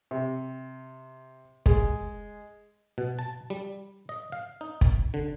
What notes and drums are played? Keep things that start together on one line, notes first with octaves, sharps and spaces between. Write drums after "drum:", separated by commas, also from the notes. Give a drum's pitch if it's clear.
C3
G#3, drum: kick
B2
A5
G3
D#5
F5
D#4
drum: kick
D3